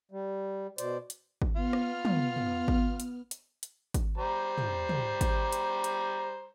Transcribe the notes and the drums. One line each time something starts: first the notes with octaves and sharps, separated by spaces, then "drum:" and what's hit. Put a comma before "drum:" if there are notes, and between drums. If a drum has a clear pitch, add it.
G3
B2 C5 D5, drum: hi-hat
drum: hi-hat
drum: kick G#1
B3 F4 F6
drum: rim click
drum: tom
drum: tom
drum: kick G#1
drum: hi-hat
drum: hi-hat
drum: hi-hat
drum: kick G#1, hi-hat
G3 C5 A#5
drum: tom
drum: tom
drum: kick G#1, hi-hat
drum: hi-hat
drum: hi-hat